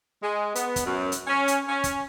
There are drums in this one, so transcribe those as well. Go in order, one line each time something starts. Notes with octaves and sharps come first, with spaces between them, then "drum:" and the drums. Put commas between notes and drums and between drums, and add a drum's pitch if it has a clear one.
G#3
B3, drum: hi-hat
drum: kick, hi-hat
F#2
drum: hi-hat
C#4
drum: hi-hat
C#4
drum: kick, hi-hat